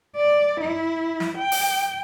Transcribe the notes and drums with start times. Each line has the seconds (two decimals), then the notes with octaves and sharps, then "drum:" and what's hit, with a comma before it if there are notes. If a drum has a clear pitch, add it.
0.16 D5
0.60 E4
1.20 drum: snare
1.38 G5
1.52 drum: open hi-hat